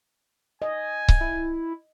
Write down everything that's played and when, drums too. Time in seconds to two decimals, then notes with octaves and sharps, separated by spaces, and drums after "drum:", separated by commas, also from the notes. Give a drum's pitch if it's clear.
0.62 D#5 G#5
1.08 drum: kick C#1
1.21 E4